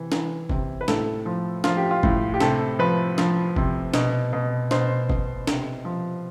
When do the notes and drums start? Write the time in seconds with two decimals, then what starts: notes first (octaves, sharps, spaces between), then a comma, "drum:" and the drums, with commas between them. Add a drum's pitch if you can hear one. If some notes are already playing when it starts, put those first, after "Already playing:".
Already playing: C3 E3
0.12 E3, drum: snare
0.50 C3, drum: kick F#1
0.81 B4
0.88 A2 A4, drum: snare
1.26 F3
1.64 F3 F4, drum: snare
1.77 G4
1.91 F4
2.03 A2, drum: kick F#1
2.34 G4
2.40 C3 A4, drum: snare
2.79 F3 B4
3.18 F3, drum: snare
3.56 C3, drum: kick F#1
3.94 B2, drum: snare
4.33 B2
4.71 B2 C5, drum: snare
5.10 B2, drum: kick F#1
5.47 C3, drum: snare
5.85 F3